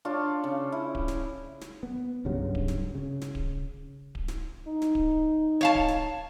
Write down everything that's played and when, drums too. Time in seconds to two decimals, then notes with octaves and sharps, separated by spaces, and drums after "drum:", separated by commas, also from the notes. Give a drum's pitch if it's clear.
0.05 D4 F4 C#5
0.44 C#3
0.72 E4
0.95 drum: kick D1
1.08 drum: snare
1.61 drum: snare
1.83 B3
2.25 C2 G2 C#3 F#3
2.55 drum: kick D1
2.68 drum: snare
2.95 C#3
3.22 drum: snare
3.35 drum: kick D1
4.15 drum: kick D1
4.28 drum: snare
4.68 D#4
4.82 drum: snare
4.95 drum: kick D1
5.61 C#5 F5 A5
5.75 drum: kick D1
5.88 drum: snare